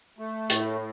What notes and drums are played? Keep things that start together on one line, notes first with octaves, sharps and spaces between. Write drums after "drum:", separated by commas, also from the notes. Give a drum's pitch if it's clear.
A3
A2, drum: hi-hat